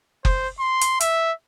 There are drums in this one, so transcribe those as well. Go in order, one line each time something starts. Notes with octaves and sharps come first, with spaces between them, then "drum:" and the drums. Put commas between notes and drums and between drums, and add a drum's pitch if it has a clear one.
C5, drum: kick F#1
C6
drum: hi-hat
E5, drum: hi-hat